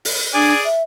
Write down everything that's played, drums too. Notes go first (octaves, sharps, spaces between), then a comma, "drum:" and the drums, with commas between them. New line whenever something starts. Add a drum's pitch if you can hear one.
drum: open hi-hat
D4 G#4 D5 G#5
E5